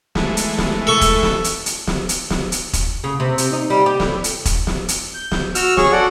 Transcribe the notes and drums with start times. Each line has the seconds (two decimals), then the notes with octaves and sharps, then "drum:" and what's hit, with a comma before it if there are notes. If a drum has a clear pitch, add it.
0.15 E3 G#3 A3, drum: snare
0.37 drum: hi-hat
0.58 drum: snare
0.87 A4 C#6
1.01 drum: kick E1, hi-hat
1.23 drum: snare
1.44 drum: hi-hat
1.66 drum: hi-hat
1.87 drum: snare
2.09 drum: hi-hat
2.30 drum: snare
2.52 drum: hi-hat
2.73 drum: kick E1, hi-hat
3.04 C#3
3.20 C3
3.38 drum: hi-hat
3.53 D#4
3.70 G3
3.86 G4
4.00 A2, drum: snare
4.24 drum: hi-hat
4.45 drum: kick E1, hi-hat
4.67 drum: snare
4.88 drum: hi-hat
5.14 G6
5.31 drum: snare
5.55 F#4 E6 F6, drum: hi-hat
5.77 G#4 C#5 C#6, drum: snare
5.92 F#4 A4 D5 F#5